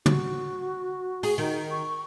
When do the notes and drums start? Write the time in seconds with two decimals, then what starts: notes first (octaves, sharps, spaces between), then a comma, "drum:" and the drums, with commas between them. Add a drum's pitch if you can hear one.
0.06 F#4, drum: tom
1.23 G#4, drum: open hi-hat
1.38 D#3
1.71 C#6